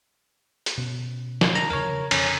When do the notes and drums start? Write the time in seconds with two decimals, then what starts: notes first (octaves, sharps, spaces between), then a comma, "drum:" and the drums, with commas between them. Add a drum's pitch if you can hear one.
0.66 drum: hi-hat
0.78 B2 C#4
1.41 drum: snare
1.55 A#5
1.70 E2 C#3 A#4 C#5
1.89 C#3
2.11 F2 C#3 C#4, drum: cymbal